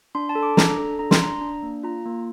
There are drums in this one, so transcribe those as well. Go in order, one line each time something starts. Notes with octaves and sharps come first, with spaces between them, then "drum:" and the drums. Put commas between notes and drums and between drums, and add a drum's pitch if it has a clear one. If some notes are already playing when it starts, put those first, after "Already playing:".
D4 C6
A5
A4
D6
D4 A#5, drum: snare
A4
D4 A#5
C6, drum: snare
D4 A#5
D4
A#3
F4 A#5
A#3